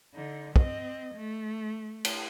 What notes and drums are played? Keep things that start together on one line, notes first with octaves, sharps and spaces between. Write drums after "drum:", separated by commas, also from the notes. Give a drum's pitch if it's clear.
D3 D#4
C4 D#5, drum: kick
A3
drum: cymbal